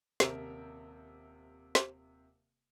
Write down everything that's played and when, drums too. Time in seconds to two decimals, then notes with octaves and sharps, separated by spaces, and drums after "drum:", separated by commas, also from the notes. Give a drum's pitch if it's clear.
0.20 D#1 C3 A#4 E5, drum: snare
1.75 drum: snare